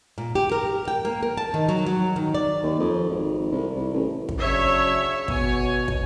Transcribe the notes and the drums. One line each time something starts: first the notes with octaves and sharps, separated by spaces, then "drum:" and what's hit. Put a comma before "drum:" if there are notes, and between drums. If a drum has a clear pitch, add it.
A#2
G4
A#4
G5
A#3
A#4
A5
D#3
F#3
F#3
D#3
D5
D#2
F2
G#1
C2
C2
A1
drum: kick
C#3 F#3 D4 C#5 E5
B2 C#5 G#5, drum: kick
drum: kick